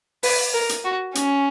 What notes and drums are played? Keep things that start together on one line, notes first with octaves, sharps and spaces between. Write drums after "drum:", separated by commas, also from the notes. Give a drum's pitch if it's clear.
B4, drum: open hi-hat
A#4
drum: hi-hat
F#4
C#4, drum: hi-hat